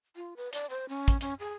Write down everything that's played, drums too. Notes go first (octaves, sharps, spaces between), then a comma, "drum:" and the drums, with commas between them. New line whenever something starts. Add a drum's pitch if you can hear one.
F4
B4
D5, drum: hi-hat
C5
C#4
drum: kick, hi-hat
C#4, drum: hi-hat
G#4